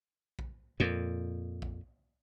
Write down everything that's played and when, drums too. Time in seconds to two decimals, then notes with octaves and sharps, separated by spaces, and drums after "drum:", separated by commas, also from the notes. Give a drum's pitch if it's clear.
0.39 drum: kick A#1
0.80 F2 A#2
1.62 drum: kick A#1